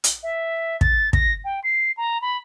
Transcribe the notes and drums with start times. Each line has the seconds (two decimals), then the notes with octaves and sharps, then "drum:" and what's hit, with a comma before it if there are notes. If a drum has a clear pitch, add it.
0.04 drum: hi-hat
0.23 E5
0.81 A6, drum: kick
1.13 A#6, drum: kick
1.45 G5
1.64 C7
1.97 A#5
2.22 B5